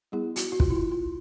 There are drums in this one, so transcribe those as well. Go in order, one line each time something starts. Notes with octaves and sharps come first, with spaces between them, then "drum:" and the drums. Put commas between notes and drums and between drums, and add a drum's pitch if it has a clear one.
G3 B3 E4 G#4
F#4, drum: hi-hat
F#4
F4, drum: kick
E4
F4
F4